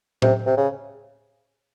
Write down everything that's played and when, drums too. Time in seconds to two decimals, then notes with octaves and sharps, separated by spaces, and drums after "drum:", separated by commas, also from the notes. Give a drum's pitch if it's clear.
0.22 C3, drum: tom A2
0.46 C3
0.57 C#3